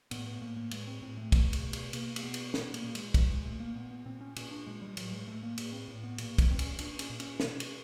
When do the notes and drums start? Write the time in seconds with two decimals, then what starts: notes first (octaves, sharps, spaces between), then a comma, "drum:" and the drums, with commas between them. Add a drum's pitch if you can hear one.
0.11 A2 B3, drum: cymbal
0.27 B3
0.41 A2 A#3
0.56 A#3
0.71 A2 G#3, drum: cymbal
0.87 C4
1.02 A2 C4
1.17 A3
1.32 B2, drum: kick, cymbal
1.53 drum: cymbal
1.63 B2
1.73 drum: cymbal
1.93 B2 A#3, drum: cymbal
2.16 A#3, drum: cymbal
2.23 B2 B3
2.34 drum: cymbal
2.54 A#2 B3, drum: snare
2.74 A#3, drum: cymbal
2.84 A#2
2.95 G#3, drum: cymbal
3.14 A#2 G3, drum: kick, cymbal
3.29 G#3
3.45 A#2 A3
3.60 A#3
3.75 A#2 B3
3.91 B3
4.06 A#2 C4
4.21 C#4
4.36 A#2 C#4, drum: cymbal
4.51 D4
4.66 A#2 G#3
4.82 G3
4.97 A2 F#3, drum: cymbal
5.12 G#3
5.27 A2 A3
5.43 A#3
5.57 A2 A#3, drum: cymbal
5.72 C4
5.88 A2
6.04 B3
6.18 A#2 A#3, drum: cymbal
6.38 A3, drum: kick, cymbal
6.49 A#2 C4
6.59 C#4, drum: cymbal
6.78 A#2 D4, drum: cymbal
6.99 C#4, drum: cymbal
7.10 A#2
7.20 C#4, drum: cymbal
7.40 B2, drum: snare
7.60 drum: cymbal